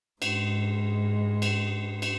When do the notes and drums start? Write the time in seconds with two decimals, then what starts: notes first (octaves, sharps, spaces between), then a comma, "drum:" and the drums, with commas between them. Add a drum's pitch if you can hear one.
0.22 G#2 G#3, drum: cymbal
1.42 drum: cymbal
2.02 drum: cymbal